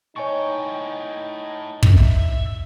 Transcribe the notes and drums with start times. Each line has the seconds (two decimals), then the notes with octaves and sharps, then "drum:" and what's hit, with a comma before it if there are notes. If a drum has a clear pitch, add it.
0.16 A2 D#4 C#5 G5 G#5 C#6
1.83 drum: kick
1.93 E5